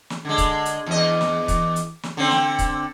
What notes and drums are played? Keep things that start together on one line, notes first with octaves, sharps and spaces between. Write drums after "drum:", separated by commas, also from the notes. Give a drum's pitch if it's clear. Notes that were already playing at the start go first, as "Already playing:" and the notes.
drum: snare
D3 G#3
drum: kick, hi-hat
drum: hi-hat
E2 D#5
drum: snare
drum: kick, hi-hat
drum: hi-hat
drum: snare
D3 C4
drum: snare
drum: kick, hi-hat